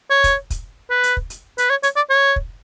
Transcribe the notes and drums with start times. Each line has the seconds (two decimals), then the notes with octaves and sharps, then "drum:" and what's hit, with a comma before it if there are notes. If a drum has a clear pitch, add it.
0.10 C#5
0.24 drum: kick, hi-hat
0.50 drum: kick, hi-hat
0.90 B4
1.03 drum: hi-hat
1.17 drum: kick
1.30 drum: hi-hat
1.58 B4, drum: hi-hat
1.70 C#5
1.83 C#5, drum: hi-hat
1.96 D5
2.10 C#5
2.36 drum: kick